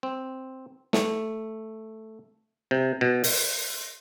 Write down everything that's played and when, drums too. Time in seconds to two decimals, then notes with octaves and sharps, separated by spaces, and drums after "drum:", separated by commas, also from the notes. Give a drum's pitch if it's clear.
0.03 C4
0.93 A3, drum: snare
2.71 C3
3.01 B2
3.24 drum: open hi-hat